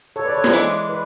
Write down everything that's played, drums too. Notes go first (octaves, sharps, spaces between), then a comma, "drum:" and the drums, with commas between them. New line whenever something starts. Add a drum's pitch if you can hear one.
A4 C#5
B4 D5
A4 C#5
B4, drum: snare
E3 G#3 D4 A4
B4